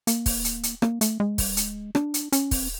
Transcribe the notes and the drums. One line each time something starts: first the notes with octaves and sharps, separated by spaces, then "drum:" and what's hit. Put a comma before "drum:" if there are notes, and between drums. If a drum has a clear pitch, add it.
A#3, drum: hi-hat
drum: kick, open hi-hat
drum: hi-hat
drum: hi-hat
A#3, drum: rim click
A3, drum: hi-hat
G#3
G3, drum: kick, open hi-hat
G#3, drum: hi-hat
D4, drum: rim click
drum: hi-hat
C#4, drum: hi-hat
C4, drum: kick, open hi-hat